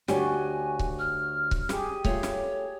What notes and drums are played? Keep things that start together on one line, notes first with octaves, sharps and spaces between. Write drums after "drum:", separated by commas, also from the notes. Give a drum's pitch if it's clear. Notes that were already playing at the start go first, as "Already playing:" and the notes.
D2 F#4 G4 C#5 D5 G#5, drum: snare
drum: kick C#1
F6
drum: kick C#1
G4 G#4, drum: snare
A3 F4 C#5, drum: kick C#1
drum: snare